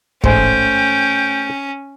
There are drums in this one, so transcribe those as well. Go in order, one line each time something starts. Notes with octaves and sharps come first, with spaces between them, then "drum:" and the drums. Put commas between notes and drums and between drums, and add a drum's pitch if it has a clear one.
A1 G#2 A3 C#4 C5 G5 G#5, drum: kick